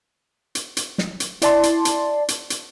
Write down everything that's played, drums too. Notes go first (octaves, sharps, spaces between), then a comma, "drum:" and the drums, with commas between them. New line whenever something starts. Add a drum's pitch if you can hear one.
drum: hi-hat
drum: hi-hat
drum: snare
drum: hi-hat
E4 D5 A5 C6, drum: hi-hat
drum: hi-hat
drum: hi-hat
drum: hi-hat
drum: hi-hat